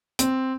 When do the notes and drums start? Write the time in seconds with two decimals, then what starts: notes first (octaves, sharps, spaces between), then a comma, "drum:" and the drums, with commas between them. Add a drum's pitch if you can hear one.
0.19 C4, drum: hi-hat